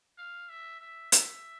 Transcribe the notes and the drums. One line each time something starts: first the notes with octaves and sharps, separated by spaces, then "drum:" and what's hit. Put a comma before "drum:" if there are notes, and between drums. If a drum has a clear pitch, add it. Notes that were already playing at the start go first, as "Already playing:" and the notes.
F5
E5
E5
E5, drum: hi-hat